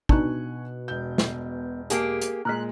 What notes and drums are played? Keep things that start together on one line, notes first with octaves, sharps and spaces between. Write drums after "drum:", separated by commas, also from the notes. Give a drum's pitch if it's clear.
B2 D4 D#4 G#5 C#6 F#6, drum: kick
E1 G6
drum: snare
A#3 G4 G#4, drum: hi-hat
drum: hi-hat
A#2 G#3 A#5 F6 F#6 B6